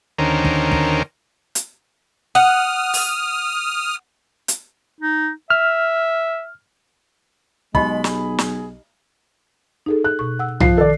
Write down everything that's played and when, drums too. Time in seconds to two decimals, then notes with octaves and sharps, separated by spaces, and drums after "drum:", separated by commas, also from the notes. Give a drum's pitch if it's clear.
0.18 D#2 D3 D#3 C#4 A#4 C5
0.45 drum: kick
0.71 drum: kick
1.55 drum: hi-hat
2.35 F#5 D#6 F6
2.94 drum: open hi-hat
4.48 drum: hi-hat
5.01 D#4
5.50 E5 F6
7.75 B1 G#3 D#4 G4 D#5 B5, drum: kick
8.04 G#4, drum: snare
8.38 drum: snare
9.86 D#4 G#4 A4
10.04 F#6
10.19 B2 C#6
10.39 F#5 E6
10.60 F3 C7, drum: tom B1
10.78 D#3 A4 D5